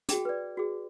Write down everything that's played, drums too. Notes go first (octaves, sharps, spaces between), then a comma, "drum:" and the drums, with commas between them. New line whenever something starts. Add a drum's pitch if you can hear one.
F#4 G#4 G5 D6, drum: hi-hat
B4 D5
F#4 G#4